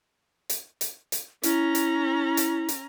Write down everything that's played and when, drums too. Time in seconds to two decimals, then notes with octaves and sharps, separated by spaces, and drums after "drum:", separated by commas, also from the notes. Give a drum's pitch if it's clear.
0.50 drum: hi-hat
0.81 drum: hi-hat
1.12 drum: hi-hat
1.43 C#4 E4 A#5, drum: hi-hat
1.75 drum: hi-hat
2.37 drum: hi-hat
2.69 drum: hi-hat